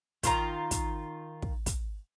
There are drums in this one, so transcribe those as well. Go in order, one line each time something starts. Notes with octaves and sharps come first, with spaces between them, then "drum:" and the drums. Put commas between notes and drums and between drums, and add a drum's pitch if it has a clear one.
D#3 F4 A#5, drum: kick, hi-hat
drum: kick, hi-hat
drum: kick
drum: kick, hi-hat